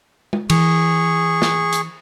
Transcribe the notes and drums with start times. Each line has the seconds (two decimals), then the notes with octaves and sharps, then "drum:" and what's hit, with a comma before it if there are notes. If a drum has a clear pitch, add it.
0.33 drum: tom G#3
0.50 E3 G#4 C#6, drum: cymbal
1.42 drum: snare
1.73 drum: hi-hat